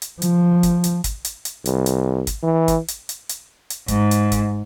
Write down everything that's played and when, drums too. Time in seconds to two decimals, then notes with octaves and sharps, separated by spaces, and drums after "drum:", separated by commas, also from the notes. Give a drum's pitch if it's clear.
0.02 drum: hi-hat
0.22 F3, drum: hi-hat
0.63 drum: kick, hi-hat
0.84 drum: hi-hat
1.04 drum: kick, hi-hat
1.25 drum: hi-hat
1.45 drum: hi-hat
1.66 C2, drum: hi-hat
1.86 drum: hi-hat
2.27 drum: kick, hi-hat
2.43 E3
2.68 drum: kick, hi-hat
2.88 drum: hi-hat
3.09 drum: hi-hat
3.29 drum: hi-hat
3.70 drum: hi-hat
3.88 G#2, drum: kick, hi-hat
4.11 drum: hi-hat
4.32 drum: kick, hi-hat